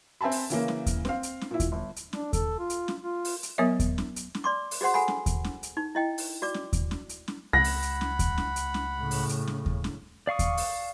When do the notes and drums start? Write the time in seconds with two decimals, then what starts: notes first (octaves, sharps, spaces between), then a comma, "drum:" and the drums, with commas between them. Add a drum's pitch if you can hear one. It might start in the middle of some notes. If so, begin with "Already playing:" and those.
0.21 C4 E5 G#5 A5 B5
0.32 drum: open hi-hat
0.50 C#3 E3 A#3, drum: hi-hat
0.68 drum: snare
0.86 drum: kick D#2, hi-hat
1.05 C4 F5, drum: snare
1.23 drum: hi-hat
1.41 drum: snare
1.51 A#2 E4
1.60 drum: kick D#2, hi-hat
1.72 G1
1.96 drum: hi-hat
2.13 D4, drum: snare
2.33 A4, drum: kick D#2, hi-hat
2.59 F4
2.70 drum: hi-hat
2.88 drum: snare
3.01 F4
3.25 drum: open hi-hat
3.43 drum: hi-hat
3.58 F#3 B3 A#4 C#5 E5
3.80 drum: kick D#2, hi-hat
3.98 drum: snare
4.16 drum: hi-hat
4.35 drum: snare
4.44 D5 C6 D6
4.71 drum: open hi-hat
4.81 F#4 G#4 C5 F#5 C6
4.94 A4 F#5 G#5 B5
5.08 drum: snare
5.26 drum: kick D#2, hi-hat
5.44 drum: snare
5.63 drum: hi-hat
5.77 D#4
5.95 E4 D#5 G5
6.18 drum: open hi-hat
6.42 F#4 D5 D6
6.54 drum: snare
6.73 drum: kick D#2, hi-hat
6.91 drum: snare
7.09 drum: hi-hat
7.28 drum: snare
7.53 C#2 F#5 B5 A#6
7.64 drum: open hi-hat
7.83 drum: hi-hat
8.01 drum: snare
8.19 drum: kick D#2, hi-hat
8.38 drum: snare
8.56 drum: hi-hat
8.74 drum: snare
9.00 A2 C#3
9.11 drum: open hi-hat
9.29 drum: hi-hat
9.48 drum: snare
9.66 drum: kick D#2
9.84 drum: snare
10.27 D5 F5 C#6 D#6
10.39 drum: kick D#2, hi-hat
10.57 drum: open hi-hat